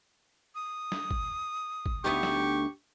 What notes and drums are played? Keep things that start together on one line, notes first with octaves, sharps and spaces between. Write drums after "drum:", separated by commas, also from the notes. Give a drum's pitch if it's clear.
D#6
drum: snare
drum: kick G#1
drum: kick G#1
D2 B3 D#4 G4 C#6
drum: snare